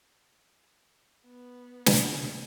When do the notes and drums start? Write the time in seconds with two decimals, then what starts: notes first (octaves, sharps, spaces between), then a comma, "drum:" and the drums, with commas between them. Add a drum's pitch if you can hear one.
1.26 B3
1.86 drum: snare